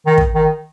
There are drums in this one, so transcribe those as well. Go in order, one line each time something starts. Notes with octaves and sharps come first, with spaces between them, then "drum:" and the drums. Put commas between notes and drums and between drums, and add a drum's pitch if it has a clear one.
D#3
drum: kick
D#3